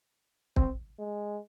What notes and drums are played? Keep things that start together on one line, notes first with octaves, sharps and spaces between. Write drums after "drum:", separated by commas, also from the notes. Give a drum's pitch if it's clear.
C4, drum: kick
G#3